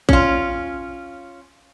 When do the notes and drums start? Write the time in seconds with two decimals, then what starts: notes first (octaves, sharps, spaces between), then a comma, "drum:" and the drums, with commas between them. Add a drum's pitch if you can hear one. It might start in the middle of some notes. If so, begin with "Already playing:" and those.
0.09 C#4 F4, drum: kick A1